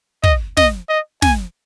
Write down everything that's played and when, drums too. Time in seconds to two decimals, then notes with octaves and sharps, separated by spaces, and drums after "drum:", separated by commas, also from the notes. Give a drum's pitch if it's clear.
0.24 D#5, drum: kick
0.57 D#5, drum: snare
0.89 D#5
1.22 G#5, drum: snare